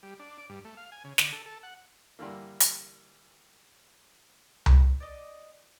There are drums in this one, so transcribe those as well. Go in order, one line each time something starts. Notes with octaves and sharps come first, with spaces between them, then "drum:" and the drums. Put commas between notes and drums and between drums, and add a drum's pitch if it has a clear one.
G3
D4
D5
G2
A3
F5
G#5
C#3
D3, drum: snare
A4
A4
F#5
G2 D3 E3 A#3
drum: hi-hat
drum: tom C2
D5 D#5